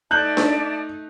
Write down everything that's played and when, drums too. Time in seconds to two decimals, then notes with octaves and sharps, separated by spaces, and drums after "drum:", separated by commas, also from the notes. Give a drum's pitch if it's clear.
0.11 A3 D#4 D5 E5 A5 F#6 G6 F#7
0.37 drum: snare D4